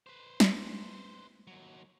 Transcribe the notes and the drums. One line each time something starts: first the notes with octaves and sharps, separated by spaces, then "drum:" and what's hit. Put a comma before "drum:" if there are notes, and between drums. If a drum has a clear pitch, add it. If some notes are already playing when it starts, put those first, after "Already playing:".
B4 C5
drum: snare
D#2 F#3